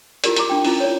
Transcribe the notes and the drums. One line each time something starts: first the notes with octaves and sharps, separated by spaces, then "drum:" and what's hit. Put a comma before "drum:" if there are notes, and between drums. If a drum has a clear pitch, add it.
E4 F4 G4 A#4 D5, drum: hi-hat
G4 A#5 D6, drum: hi-hat
D4 G5
C#4 E4 F4, drum: open hi-hat
C#5 D5